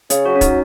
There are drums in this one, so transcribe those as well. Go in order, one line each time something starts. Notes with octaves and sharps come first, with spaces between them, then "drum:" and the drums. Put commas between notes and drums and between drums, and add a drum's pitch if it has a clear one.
C#3 G#4, drum: hi-hat
F#3 F#4
C#4
D#4, drum: kick, hi-hat